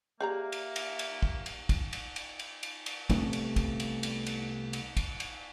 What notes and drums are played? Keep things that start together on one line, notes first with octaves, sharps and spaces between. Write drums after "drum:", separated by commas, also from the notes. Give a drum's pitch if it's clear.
A#3 G4 G#4 D5 E5 A#5
drum: cymbal
drum: cymbal
drum: cymbal
drum: kick
drum: cymbal
drum: kick, cymbal
drum: cymbal
drum: cymbal
drum: cymbal
drum: cymbal
drum: cymbal
C2 C3 A3 B3, drum: kick, cymbal
drum: cymbal
drum: kick, cymbal
drum: cymbal
drum: cymbal
drum: cymbal
drum: cymbal
drum: kick, cymbal
drum: cymbal